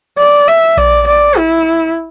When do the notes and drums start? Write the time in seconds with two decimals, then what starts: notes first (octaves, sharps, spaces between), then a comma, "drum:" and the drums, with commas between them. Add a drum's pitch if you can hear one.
0.18 D5
0.48 E5
0.77 D5, drum: kick A#1
1.07 D5
1.37 E4